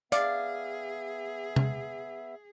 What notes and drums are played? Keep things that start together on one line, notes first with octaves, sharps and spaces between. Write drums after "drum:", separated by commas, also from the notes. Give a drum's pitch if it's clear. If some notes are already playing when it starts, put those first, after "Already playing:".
B3 G#4 D5 E5 F5, drum: hi-hat
drum: tom C3